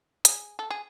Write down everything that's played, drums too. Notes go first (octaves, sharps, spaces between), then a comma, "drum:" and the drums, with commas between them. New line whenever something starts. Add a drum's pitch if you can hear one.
G#4, drum: hi-hat
A4
G#4